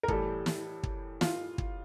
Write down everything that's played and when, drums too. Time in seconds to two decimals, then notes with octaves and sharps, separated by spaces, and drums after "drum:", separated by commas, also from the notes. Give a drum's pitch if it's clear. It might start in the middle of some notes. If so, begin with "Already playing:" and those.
0.03 A#4
0.08 A2 E3 G3 A4, drum: kick
0.46 drum: snare
0.83 drum: kick
1.21 F4, drum: snare
1.58 drum: kick